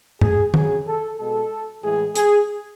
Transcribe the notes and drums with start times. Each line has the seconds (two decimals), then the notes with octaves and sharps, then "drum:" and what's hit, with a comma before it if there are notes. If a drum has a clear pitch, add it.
0.21 G#4, drum: tom G2
0.54 C#3 F#3 G#4, drum: tom
0.86 A4
1.18 B2 G#3 A4
1.82 A2 E3 G#3 G#4
2.15 G#4, drum: hi-hat